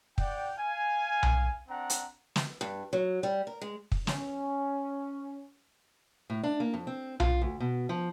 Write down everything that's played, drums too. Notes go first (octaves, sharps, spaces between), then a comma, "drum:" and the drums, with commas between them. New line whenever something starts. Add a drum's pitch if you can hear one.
D5 F#5 G5, drum: kick
F5 G#5
drum: tom B1
C4 D4 F#5 A#5
drum: hi-hat
drum: snare
G2
F#3
G3
A#4
G#3
drum: kick
C#4, drum: snare
A2
D4
A#3
F2
C4
F4, drum: tom B1
D2
B2
F3